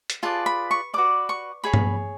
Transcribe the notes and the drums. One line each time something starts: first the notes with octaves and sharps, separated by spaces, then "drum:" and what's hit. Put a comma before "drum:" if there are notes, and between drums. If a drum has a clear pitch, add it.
drum: hi-hat
F4 G#4 B4 D5 A5
B5
C#6
F#4 B4 D5 D6
C#6
G#4 C#5 B5
drum: tom G2